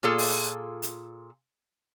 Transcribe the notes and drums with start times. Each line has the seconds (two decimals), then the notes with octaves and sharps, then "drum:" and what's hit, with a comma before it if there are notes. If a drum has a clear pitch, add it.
0.03 A#2 F4 G#4 A4
0.18 drum: open hi-hat
0.82 drum: hi-hat